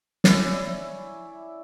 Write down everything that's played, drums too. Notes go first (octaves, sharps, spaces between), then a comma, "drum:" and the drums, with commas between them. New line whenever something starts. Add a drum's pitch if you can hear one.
C#4 E4 D5, drum: snare